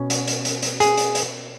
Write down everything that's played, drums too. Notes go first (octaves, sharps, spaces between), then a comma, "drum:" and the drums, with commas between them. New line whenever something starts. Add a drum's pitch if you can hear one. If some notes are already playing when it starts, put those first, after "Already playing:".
Already playing: B2 C#4
drum: hi-hat
drum: hi-hat
drum: hi-hat
drum: hi-hat
G#4, drum: hi-hat
drum: hi-hat
drum: hi-hat